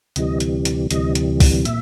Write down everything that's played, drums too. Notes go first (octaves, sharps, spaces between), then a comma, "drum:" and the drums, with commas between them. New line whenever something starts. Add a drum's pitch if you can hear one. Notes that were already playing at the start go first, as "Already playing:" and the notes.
D2 C3 E3 G3 D#5, drum: hi-hat
drum: hi-hat
drum: hi-hat
D2 C3 E3 G3 D#5, drum: hi-hat
drum: hi-hat
drum: kick, open hi-hat
A#2 E5, drum: hi-hat